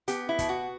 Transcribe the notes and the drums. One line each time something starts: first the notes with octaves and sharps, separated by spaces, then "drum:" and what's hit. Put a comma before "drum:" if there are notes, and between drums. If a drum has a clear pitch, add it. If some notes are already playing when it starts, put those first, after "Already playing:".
B3 G4, drum: hi-hat
E4
B2, drum: kick, hi-hat
F#4